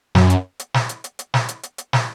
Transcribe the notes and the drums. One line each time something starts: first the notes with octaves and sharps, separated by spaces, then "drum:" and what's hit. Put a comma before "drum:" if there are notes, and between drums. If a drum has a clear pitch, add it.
F#2, drum: snare
drum: hi-hat
drum: hi-hat
drum: snare
drum: hi-hat
drum: hi-hat
drum: hi-hat
drum: snare
drum: hi-hat
drum: hi-hat
drum: hi-hat
drum: snare